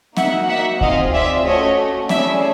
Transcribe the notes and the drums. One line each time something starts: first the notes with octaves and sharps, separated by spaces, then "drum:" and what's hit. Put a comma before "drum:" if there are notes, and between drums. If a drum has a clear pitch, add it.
A#3 D#4 F#4 E5 F#5, drum: snare C4
E5 F#5
C4 F4 G#4 D#5 F5, drum: kick D2
D5 E5
A3 C#4 F#4 C#5 D#5
A3 C#4 E4 G#4 D5 E5, drum: snare C4